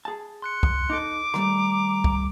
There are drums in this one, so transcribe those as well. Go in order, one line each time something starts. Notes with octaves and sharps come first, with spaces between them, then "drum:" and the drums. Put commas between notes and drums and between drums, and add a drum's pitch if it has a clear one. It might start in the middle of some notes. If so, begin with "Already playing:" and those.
G#4 A5
C6 F#6 C#7
drum: kick
D#4 A4 D6
D#3 G3 A3 A#5, drum: rim click
drum: kick